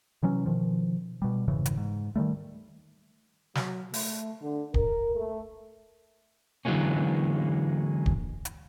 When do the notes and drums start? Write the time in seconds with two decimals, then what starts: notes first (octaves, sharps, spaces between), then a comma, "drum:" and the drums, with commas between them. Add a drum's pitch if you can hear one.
0.23 C3 E3 F#3 C#4
0.46 B2 D#3 F3
1.22 B2 G3
1.48 F1 G#2 C#3 E3
1.66 drum: hi-hat
1.77 G#2
2.16 D#3 F3 G3 A3
3.55 F#3, drum: snare
3.94 A3, drum: open hi-hat
4.41 D3
4.74 A#4, drum: kick
5.15 A3
6.65 D3 E3 F#3 G#3 A#3 C#4
8.06 drum: kick
8.45 drum: hi-hat